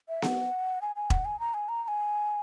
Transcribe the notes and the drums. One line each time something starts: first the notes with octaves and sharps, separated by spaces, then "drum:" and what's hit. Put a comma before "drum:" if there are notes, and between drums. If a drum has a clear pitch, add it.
E5
F#5, drum: snare B3
G#5
G#5
F#5, drum: kick E1
G#5
A#5
G#5
A#5
A#5
G#5